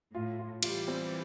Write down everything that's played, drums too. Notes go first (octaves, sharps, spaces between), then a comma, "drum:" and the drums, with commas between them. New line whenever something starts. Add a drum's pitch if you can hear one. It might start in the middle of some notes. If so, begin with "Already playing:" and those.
A2 F4
F4
E3 G3 F4, drum: cymbal
C4